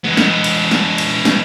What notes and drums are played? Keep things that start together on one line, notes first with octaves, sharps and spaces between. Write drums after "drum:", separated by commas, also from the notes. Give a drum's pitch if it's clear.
G#3 B3
drum: snare
drum: cymbal
drum: snare
drum: cymbal
drum: snare